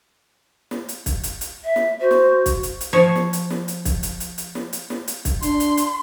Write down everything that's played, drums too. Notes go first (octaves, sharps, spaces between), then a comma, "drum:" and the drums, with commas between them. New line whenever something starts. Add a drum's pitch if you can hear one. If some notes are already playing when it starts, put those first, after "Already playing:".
drum: snare
drum: hi-hat
drum: kick, hi-hat
drum: hi-hat
drum: hi-hat
E5
drum: snare
F#4 C5
drum: snare
drum: kick, hi-hat
drum: hi-hat
drum: hi-hat
F3 C#5
drum: snare
drum: hi-hat
drum: snare
drum: hi-hat
drum: kick, hi-hat
drum: hi-hat
drum: hi-hat
drum: hi-hat
drum: snare
drum: hi-hat
drum: snare
drum: hi-hat
drum: kick, hi-hat
D4 C6, drum: hi-hat
drum: hi-hat
drum: hi-hat